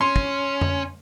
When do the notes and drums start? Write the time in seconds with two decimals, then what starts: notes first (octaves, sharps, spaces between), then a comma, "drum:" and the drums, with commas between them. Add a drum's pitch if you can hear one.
0.01 C#4 C6
0.16 drum: kick
0.61 drum: tom F2